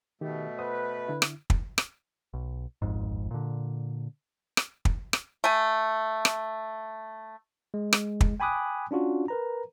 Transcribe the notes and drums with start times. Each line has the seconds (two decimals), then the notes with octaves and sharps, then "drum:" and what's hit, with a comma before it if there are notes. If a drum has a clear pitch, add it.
0.21 B2 D#3 A3 G4
0.59 B4 C5 F#5 D#6
1.08 D3 E4
1.22 drum: rim click
1.50 drum: kick
1.78 drum: rim click
2.34 B1
2.82 D#1 G#1 F2 G#2
3.31 A#2 D3
4.57 drum: rim click
4.85 drum: kick
5.13 drum: rim click
5.44 A3 G#5
6.25 drum: rim click
7.74 G#3
7.93 drum: rim click
8.21 drum: kick
8.40 G5 G#5 B5 D6 D#6 F#6
8.91 C#4 D4 F4 F#4
9.28 A#4 B4 A#5